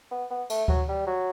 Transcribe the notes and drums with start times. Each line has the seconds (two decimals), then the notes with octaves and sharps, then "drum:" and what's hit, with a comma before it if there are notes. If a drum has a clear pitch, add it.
0.11 B3
0.30 B3
0.50 A3, drum: cymbal
0.68 F#3, drum: kick D2
0.88 G3
1.06 F#3